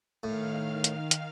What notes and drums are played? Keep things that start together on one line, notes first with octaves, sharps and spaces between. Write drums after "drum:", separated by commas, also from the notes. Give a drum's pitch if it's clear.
A2 D#3 F5 F6
drum: hi-hat
drum: hi-hat